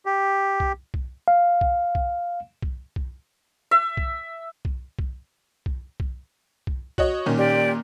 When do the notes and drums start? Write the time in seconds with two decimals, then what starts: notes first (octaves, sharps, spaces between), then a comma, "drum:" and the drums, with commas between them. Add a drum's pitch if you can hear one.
0.06 G4
0.60 drum: kick B1
0.94 drum: kick B1
1.28 F5
1.61 drum: kick B1
1.95 drum: kick B1
2.62 drum: kick B1
2.96 drum: kick B1
3.71 E5
3.97 drum: kick B1
4.65 drum: kick B1
4.99 drum: kick B1
5.66 drum: kick B1
6.00 drum: kick B1
6.67 drum: kick B1
6.98 F#4 C#5 D#5, drum: kick B1
7.26 A#2 D#3 C#4
7.38 G4 D5